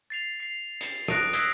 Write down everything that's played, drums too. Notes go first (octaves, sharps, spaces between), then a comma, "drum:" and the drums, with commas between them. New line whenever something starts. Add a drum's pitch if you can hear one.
A6 C7 F7
C7
drum: hi-hat
D#6 F#6 A#6 D7, drum: rim click
D#6 E6 F#6 G#6 B6 C7, drum: hi-hat